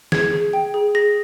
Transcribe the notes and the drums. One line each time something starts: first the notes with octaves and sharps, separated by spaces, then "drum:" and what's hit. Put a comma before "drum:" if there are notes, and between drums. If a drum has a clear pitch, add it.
G#4 G#6, drum: snare
G#4
G5
G#4
G#4 A#6